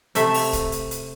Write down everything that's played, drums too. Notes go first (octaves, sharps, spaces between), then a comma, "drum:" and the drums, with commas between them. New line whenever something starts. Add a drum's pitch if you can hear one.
C3 A3 E5, drum: hi-hat
drum: open hi-hat
drum: kick, hi-hat
drum: hi-hat
drum: hi-hat